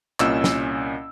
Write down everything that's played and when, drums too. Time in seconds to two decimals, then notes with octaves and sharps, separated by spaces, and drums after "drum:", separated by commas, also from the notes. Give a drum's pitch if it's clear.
0.20 C2 A#2 C#4 D#5 E6 E7, drum: clap
0.44 drum: snare